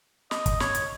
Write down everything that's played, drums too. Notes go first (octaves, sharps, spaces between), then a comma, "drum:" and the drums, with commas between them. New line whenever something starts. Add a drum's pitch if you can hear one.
D#5, drum: snare
drum: kick, hi-hat
C#5, drum: snare
drum: hi-hat